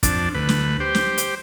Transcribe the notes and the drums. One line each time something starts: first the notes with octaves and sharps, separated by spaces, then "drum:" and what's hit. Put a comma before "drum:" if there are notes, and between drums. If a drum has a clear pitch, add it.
F2 D4, drum: kick, hi-hat
D2 B4
drum: snare
G4 C5
drum: snare
drum: hi-hat